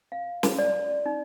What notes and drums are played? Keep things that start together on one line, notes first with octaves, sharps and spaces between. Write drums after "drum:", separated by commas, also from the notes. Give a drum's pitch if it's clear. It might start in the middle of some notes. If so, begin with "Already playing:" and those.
F5
drum: snare
D5
D#4